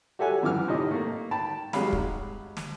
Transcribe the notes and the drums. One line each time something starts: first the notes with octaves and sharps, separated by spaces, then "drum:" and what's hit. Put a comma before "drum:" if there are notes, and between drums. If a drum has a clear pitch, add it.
F#4 G4 A4 E5 F#5 G#5
F#2 E3 D6 F6
A2 C3 G4 D#5
A3 A#3
G5 A5 B5
F#3 G#3 D#4 G4 F5 B5, drum: snare
drum: kick
drum: snare